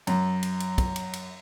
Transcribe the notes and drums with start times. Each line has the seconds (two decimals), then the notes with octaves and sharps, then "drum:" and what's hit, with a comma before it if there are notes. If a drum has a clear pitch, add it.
0.07 F#2, drum: cymbal
0.43 drum: cymbal
0.60 drum: cymbal
0.78 drum: kick, cymbal
0.96 drum: cymbal
1.13 drum: cymbal